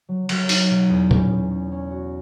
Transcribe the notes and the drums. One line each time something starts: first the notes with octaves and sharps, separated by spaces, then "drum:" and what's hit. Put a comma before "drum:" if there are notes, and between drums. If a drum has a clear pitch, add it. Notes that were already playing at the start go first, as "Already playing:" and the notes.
F#3
F#3, drum: cymbal
D#4, drum: open hi-hat
B2
E2
C#4, drum: tom A#2
E2
C#4
C#4
F#4